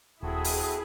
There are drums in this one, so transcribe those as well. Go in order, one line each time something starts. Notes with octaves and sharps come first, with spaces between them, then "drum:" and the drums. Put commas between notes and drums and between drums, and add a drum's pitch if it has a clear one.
D#1 C4 E4 F#4 G#4 A4
drum: open hi-hat